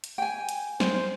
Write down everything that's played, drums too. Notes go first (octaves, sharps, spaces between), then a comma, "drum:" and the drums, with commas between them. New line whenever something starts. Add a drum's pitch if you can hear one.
drum: hi-hat
G5 G#5
drum: hi-hat
C5, drum: snare